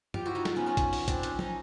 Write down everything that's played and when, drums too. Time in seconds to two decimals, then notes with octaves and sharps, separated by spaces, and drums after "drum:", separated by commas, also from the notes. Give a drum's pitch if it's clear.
0.14 F4 G4, drum: tom G2
0.26 E4 F#4
0.35 D#4 F4
0.45 D#4 F4, drum: snare
0.56 B3 C#4
0.66 B3 C#4
0.77 drum: kick A#1, hi-hat
0.93 drum: open hi-hat
1.08 C4 D4, drum: kick A#1, hi-hat
1.23 C#4 D#4, drum: hi-hat
1.39 C#4 D#4, drum: tom F3